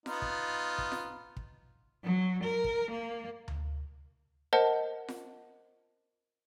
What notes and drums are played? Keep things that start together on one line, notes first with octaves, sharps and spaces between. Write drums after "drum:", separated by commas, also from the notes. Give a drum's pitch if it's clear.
B3 D#4 F4, drum: snare F4
drum: kick
drum: kick
drum: snare F4
drum: kick
F#3
A#4
drum: kick
A#3
drum: tom D2
A#4 C5 D#5 F#5 A5
drum: snare F4